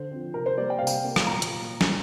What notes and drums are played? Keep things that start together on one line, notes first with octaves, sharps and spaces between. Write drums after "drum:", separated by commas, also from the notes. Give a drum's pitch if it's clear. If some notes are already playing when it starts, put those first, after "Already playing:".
Already playing: D3 C5
F3 C4
C3 A#4
C5
G3 A#3 D5
G5
C3 F5
G5, drum: tambourine
A#3
drum: rim click
A#2 A#5
drum: hi-hat
drum: snare